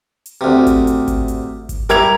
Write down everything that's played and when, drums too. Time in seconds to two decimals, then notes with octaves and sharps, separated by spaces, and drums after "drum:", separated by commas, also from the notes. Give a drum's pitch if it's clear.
0.26 drum: hi-hat
0.41 D2 C3
0.67 drum: kick G#1, hi-hat
0.87 drum: hi-hat
1.08 drum: kick G#1, hi-hat
1.28 drum: hi-hat
1.69 drum: kick G#1, hi-hat
1.90 G3 E4 A#4 G#6 F7, drum: hi-hat